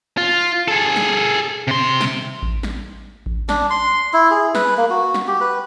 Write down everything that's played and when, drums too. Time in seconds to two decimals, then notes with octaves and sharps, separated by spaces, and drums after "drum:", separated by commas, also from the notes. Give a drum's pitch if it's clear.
0.17 F4
0.68 G#4 A4
0.96 drum: snare
1.68 C3 C6
2.01 drum: snare
2.42 drum: kick A1
2.63 drum: snare
3.26 drum: kick A1
3.49 D4, drum: snare
3.70 C6
4.13 E4
4.31 G#4
4.55 B4, drum: snare
4.77 A#3
4.90 F#4
5.14 drum: snare
5.28 G4
5.41 B4